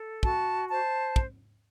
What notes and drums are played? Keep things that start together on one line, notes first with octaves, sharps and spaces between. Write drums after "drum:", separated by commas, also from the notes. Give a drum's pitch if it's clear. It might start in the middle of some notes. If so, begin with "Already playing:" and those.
Already playing: A4
F#4 A5, drum: kick
C5 A5
drum: kick